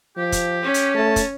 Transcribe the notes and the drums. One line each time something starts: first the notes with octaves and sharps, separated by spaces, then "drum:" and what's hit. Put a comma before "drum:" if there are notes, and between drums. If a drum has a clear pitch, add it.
F3 G4
drum: kick, hi-hat
C#4
drum: hi-hat
A3 A5
drum: kick, hi-hat